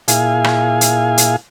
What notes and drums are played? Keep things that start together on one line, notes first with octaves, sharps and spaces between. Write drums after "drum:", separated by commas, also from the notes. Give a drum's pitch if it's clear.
A#2 E4 G#4 F5 G#5, drum: hi-hat
drum: rim click
drum: hi-hat
drum: hi-hat